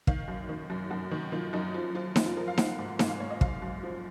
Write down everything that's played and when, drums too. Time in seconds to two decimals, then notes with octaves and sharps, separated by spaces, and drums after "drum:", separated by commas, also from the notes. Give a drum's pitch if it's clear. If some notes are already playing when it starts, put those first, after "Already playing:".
0.07 D#3 F5, drum: kick
0.28 F#2
0.49 D#3
0.70 F#2
0.90 F#2 F#4
1.11 D#3
1.32 D#3 F4
1.53 F#2 D#4
1.74 F3 F4
1.95 F3 F4
2.16 F3 F4, drum: snare D#4
2.26 F4
2.37 F3 A#4
2.48 F5
2.58 F3 F#5, drum: snare D#4
2.79 G#2
2.99 G#2 F5, drum: snare D#4
3.09 F5
3.20 G#2 C#5
3.30 D#5
3.41 F#2 F5, drum: kick
3.62 F#2
3.83 F3